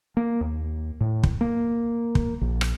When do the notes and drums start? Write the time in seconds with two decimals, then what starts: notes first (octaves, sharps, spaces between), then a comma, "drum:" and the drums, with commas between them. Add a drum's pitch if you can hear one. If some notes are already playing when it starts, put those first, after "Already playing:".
0.17 A#3
0.41 D#2
1.01 A2
1.24 drum: kick
1.41 A#3
2.15 drum: kick
2.41 A#1
2.61 drum: rim click